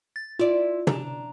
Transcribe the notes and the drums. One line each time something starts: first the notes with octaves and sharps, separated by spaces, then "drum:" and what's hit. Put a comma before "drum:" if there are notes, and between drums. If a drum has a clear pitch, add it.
A6
E4 F4 D5
D4 A#5, drum: tom